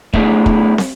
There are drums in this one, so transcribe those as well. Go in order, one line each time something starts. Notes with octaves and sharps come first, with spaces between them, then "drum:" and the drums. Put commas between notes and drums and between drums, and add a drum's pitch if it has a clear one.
A3 B3 D4 E4 G#4, drum: kick
drum: kick
drum: snare